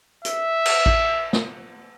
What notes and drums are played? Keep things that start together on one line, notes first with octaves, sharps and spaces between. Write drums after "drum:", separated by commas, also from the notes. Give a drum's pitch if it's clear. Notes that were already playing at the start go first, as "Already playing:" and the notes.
E5, drum: hi-hat
drum: cymbal
drum: kick A1
drum: snare